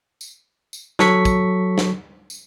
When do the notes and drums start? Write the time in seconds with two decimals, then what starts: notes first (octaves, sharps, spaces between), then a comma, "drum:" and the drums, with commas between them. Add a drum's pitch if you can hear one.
0.21 drum: tambourine
0.73 drum: tambourine
0.99 F#3 A4 C#6 B6, drum: snare
1.25 drum: kick, tambourine
1.78 drum: snare
2.30 drum: tambourine